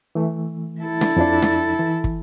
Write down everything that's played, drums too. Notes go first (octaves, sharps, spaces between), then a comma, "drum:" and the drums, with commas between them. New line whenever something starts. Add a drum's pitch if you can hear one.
E3 A3
E4 A4
drum: snare
F2 F3 D4
drum: snare
E3
drum: kick